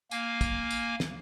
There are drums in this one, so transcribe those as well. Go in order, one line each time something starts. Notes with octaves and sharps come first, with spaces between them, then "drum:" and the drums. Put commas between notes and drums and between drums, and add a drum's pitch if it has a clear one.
A#3 F5 G#5, drum: tambourine
drum: kick, tambourine
drum: tambourine
drum: snare